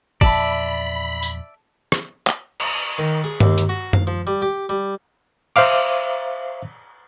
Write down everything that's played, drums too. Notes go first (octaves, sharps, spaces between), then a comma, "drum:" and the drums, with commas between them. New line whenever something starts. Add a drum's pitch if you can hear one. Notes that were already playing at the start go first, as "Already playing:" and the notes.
E2 A#2 F3 D5 E5 A5 B5, drum: kick
drum: tambourine
drum: rim click
drum: clap
drum: cymbal
D#3
G#4
D#2, drum: tom G2
drum: hi-hat
F#4
F5, drum: tom F#2
F3
G3
G4
G3
C5 E5 F5 D6, drum: cymbal